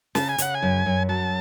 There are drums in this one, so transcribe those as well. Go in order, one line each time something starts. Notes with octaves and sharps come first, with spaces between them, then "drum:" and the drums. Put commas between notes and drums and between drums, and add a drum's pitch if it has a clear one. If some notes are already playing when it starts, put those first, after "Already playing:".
C#3 A5, drum: snare
G#5
C#3 F#5, drum: hi-hat
G#5
F#2
F#2
F#3 A5